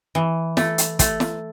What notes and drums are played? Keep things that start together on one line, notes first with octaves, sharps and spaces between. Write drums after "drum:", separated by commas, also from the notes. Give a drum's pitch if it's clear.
E3
A3, drum: snare
drum: hi-hat
A3, drum: kick, hi-hat
drum: snare